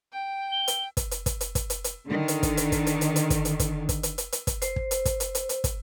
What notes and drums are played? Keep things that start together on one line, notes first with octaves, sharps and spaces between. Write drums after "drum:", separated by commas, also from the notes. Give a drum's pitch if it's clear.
G5
G7
drum: hi-hat
drum: kick, hi-hat
drum: hi-hat
drum: kick, hi-hat
drum: hi-hat
drum: kick, hi-hat
drum: hi-hat
drum: hi-hat
D3 D#3
drum: hi-hat
drum: kick, hi-hat
drum: hi-hat
drum: kick, hi-hat
drum: hi-hat
drum: hi-hat
drum: hi-hat
drum: kick, hi-hat
drum: hi-hat
drum: kick, hi-hat
drum: kick, hi-hat
drum: hi-hat
drum: hi-hat
drum: hi-hat
drum: kick, hi-hat
C5, drum: hi-hat
drum: kick
drum: hi-hat
drum: kick, hi-hat
drum: hi-hat
drum: hi-hat
drum: hi-hat
drum: kick, hi-hat